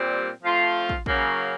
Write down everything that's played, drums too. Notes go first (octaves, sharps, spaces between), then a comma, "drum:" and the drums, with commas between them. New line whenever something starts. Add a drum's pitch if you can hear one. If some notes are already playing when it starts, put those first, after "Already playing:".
Already playing: A#2 G3 C4
F3 A3 C4 F4
drum: kick
C#3 F#3 A#3, drum: kick